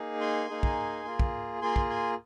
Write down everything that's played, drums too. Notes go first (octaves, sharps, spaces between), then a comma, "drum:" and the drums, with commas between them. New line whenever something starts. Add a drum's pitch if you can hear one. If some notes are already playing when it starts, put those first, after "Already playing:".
Already playing: A#3 D#4 G#4
G#5 C6
A#3 D#4 G#4
drum: kick
A#3 F4 G#4
drum: kick
A#3 F4 G#4 G#5 C6
drum: kick
G#5 C6